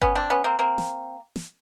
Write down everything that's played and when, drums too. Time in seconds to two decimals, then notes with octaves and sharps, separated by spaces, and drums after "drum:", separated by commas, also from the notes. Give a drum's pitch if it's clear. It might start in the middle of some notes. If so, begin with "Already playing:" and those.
0.01 B3 C#4, drum: kick G1
0.15 C4 D4
0.30 B3 C#4
0.44 A#3 C4
0.59 A#3 C4
0.78 drum: snare
1.36 drum: snare